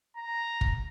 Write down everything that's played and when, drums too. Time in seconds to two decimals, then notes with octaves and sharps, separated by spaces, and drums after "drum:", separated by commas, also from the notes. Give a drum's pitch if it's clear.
0.17 A#5
0.61 drum: kick